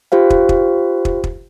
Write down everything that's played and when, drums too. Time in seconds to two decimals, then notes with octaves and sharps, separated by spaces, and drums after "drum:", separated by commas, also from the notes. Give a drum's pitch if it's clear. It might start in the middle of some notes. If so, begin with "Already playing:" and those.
0.12 F4 G4 C5 F5
0.30 drum: kick
0.49 drum: kick
1.05 drum: kick
1.24 drum: kick